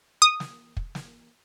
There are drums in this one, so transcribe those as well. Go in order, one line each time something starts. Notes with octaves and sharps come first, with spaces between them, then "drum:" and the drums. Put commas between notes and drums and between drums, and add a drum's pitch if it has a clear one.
D#6
drum: snare
drum: kick
drum: snare